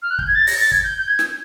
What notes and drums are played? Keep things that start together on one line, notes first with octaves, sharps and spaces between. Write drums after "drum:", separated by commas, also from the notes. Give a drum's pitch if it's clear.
F6
F#6
G6, drum: kick
G#6
A6
A#6, drum: open hi-hat
A6
G#6, drum: kick
G6
G6
G#6
drum: snare